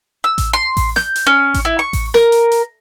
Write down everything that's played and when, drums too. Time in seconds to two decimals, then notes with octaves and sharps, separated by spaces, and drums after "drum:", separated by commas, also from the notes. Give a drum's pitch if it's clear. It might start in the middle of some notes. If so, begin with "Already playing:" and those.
0.24 E6
0.38 drum: kick A1, hi-hat
0.53 C6
0.77 drum: kick A1, open hi-hat
0.96 G6, drum: snare
1.16 drum: hi-hat
1.27 C#4
1.54 drum: kick A1, hi-hat
1.65 E4
1.79 C#6
1.93 drum: kick A1, open hi-hat
2.14 A#4, drum: snare
2.32 drum: hi-hat
2.52 drum: hi-hat